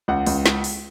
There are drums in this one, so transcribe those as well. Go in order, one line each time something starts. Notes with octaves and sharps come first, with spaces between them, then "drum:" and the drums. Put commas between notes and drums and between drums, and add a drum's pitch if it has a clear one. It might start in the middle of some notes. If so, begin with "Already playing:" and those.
C#2 F#5
C#2, drum: open hi-hat
drum: snare
drum: open hi-hat